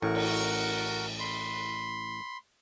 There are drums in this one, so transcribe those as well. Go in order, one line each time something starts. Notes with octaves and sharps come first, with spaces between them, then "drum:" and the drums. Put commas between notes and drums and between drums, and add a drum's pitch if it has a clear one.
A1 A2 F#4 A#4 C#6
drum: cymbal
B5 C6